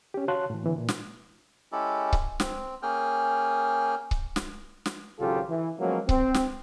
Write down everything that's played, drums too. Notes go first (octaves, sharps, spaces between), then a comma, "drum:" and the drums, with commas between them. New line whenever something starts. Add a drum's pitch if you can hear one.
C#4 G4
F#4 C#5 F5 A5 C6 F#6
A2 E3
D3 E3 B3
A#2
drum: snare
G#3 C#4 E4 G4 A4
drum: kick C#1
C4, drum: snare
A#3 C#4 G#4 G5 F6
drum: kick C#1
drum: snare
drum: snare
G#1 C#3 F#3 F4 G4 A4
E3
F3 F#3 G#3 A#3 B3 C#4
C4, drum: kick C#1
drum: snare